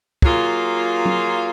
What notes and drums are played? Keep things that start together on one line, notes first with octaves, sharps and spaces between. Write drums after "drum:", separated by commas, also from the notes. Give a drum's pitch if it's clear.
F#3 A#3 F4 G#4, drum: kick
drum: tom F#3